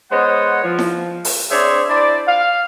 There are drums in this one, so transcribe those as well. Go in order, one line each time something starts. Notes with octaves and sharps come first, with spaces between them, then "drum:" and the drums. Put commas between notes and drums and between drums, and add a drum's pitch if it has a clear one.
G#3 B3 C5 C#5 D#5 F#5
F3
drum: snare E4
drum: open hi-hat
C4 D4 G#4 C5 C#5 E5
D4 E4 C5 D5
F5